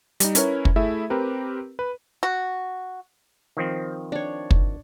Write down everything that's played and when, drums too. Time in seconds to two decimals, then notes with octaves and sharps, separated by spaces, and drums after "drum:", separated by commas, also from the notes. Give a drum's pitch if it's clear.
0.20 G3 D#4, drum: hi-hat
0.35 C#4 E4 A#4 B4 C#5, drum: hi-hat
0.65 drum: kick
0.76 A3 E4 G#4 E5
1.10 C4 G4 A#4 B4
1.79 B4
2.23 F#4
3.57 D#3 F3 C4
4.12 D4 C#5
4.51 drum: kick